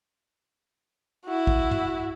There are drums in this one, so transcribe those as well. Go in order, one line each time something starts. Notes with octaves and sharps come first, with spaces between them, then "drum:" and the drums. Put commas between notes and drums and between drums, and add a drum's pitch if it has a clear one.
E4 F#4
drum: kick
drum: tom